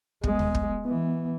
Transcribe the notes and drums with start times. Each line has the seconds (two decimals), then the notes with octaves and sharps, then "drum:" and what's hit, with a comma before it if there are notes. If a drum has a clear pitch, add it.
0.24 G#3 B3, drum: kick
0.39 drum: tom D2
0.55 drum: kick
0.85 E3 B3